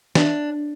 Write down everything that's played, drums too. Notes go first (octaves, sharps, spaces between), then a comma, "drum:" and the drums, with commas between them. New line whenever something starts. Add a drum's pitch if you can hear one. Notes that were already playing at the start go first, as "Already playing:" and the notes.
D4, drum: snare